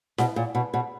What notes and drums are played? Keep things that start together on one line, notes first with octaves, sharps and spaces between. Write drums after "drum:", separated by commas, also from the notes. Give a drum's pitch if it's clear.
B2, drum: snare E4
A#2
B2
B2